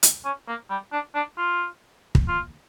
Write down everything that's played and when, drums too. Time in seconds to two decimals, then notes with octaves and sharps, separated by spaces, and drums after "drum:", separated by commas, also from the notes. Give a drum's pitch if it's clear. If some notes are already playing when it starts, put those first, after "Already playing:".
0.03 drum: hi-hat
0.25 C#4
0.48 A#3
0.70 G3
0.92 D4
1.15 D4
1.38 F4
2.15 drum: kick
2.28 F4